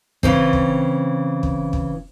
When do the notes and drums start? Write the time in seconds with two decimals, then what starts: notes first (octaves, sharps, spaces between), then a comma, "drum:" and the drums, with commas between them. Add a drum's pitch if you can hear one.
0.23 C#3 E3 C4, drum: kick
0.53 drum: kick
1.43 drum: kick
1.73 drum: kick